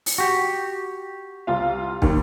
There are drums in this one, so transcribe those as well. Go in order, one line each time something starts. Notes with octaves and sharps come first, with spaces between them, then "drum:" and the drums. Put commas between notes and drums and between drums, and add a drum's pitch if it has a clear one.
drum: open hi-hat
F#4 G4
C2 F4 F5
D#2 D#3, drum: kick